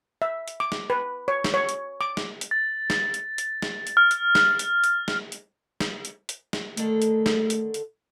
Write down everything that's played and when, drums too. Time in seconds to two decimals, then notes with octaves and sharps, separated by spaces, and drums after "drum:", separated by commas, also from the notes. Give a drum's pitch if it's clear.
0.22 E5
0.48 drum: hi-hat
0.60 D6
0.72 drum: snare
0.90 B4
1.28 C#5
1.44 drum: snare
1.54 C#5
1.69 drum: hi-hat
2.01 D6
2.17 drum: snare
2.41 drum: hi-hat
2.51 A6
2.90 drum: snare
3.14 drum: hi-hat
3.38 drum: hi-hat
3.62 drum: snare
3.87 drum: hi-hat
3.97 F6
4.11 drum: hi-hat
4.35 drum: snare
4.59 drum: hi-hat
4.84 drum: hi-hat
5.08 drum: snare
5.32 drum: hi-hat
5.80 drum: snare
6.05 drum: hi-hat
6.29 drum: hi-hat
6.53 drum: snare
6.77 D3 D#3 A3 A4, drum: hi-hat
7.02 drum: hi-hat
7.26 drum: snare
7.50 drum: hi-hat
7.74 drum: hi-hat